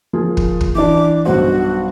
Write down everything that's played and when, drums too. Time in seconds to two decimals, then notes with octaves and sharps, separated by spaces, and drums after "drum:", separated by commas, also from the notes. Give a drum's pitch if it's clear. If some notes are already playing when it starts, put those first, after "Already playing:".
0.13 F3 A#3 G#4
0.37 drum: kick
0.61 drum: kick
0.75 E3 D4 D6
1.25 B1 G2 F#4 C5